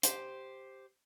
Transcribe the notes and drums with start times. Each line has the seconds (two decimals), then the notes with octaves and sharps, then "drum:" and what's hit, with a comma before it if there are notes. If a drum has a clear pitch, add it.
0.03 G4 C5, drum: hi-hat